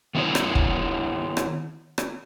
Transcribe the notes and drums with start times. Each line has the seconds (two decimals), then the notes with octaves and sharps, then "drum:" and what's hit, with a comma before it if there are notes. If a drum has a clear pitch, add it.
0.15 D#3 A3 B3 E4 C5 C#5
0.35 drum: rim click
0.55 drum: kick
1.37 drum: rim click
1.98 drum: rim click